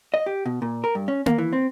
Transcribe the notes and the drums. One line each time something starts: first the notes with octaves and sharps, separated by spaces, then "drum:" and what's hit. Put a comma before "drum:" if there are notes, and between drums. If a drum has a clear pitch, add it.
D#5
G4
B2
A#2
A#4
G2
C#4
A#3, drum: tom A#3
E3
C4